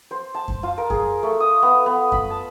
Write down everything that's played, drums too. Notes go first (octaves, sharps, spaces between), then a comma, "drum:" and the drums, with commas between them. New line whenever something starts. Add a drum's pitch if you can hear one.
C5
A5
drum: kick F#2
F4
A#4
G#4, drum: kick F#2
A3
D#6
B3
B3
B5, drum: kick F#2
A5